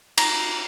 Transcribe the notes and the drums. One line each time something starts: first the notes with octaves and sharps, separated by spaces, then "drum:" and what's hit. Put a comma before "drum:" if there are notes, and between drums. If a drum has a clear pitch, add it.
A#5, drum: cymbal